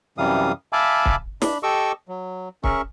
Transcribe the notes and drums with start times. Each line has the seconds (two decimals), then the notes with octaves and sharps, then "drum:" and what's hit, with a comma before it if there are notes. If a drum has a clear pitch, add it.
0.18 F#2 C3 E3 G3 F5 D#6
0.73 E5 F5 G#5 A5 B5 D6
1.06 drum: kick C#1
1.42 D4 B5, drum: snare
1.63 G4 A4 D#5 C#6 D6 E6
2.08 F#3
2.64 C#4 G#4 A#4 E5 C#6, drum: kick C#1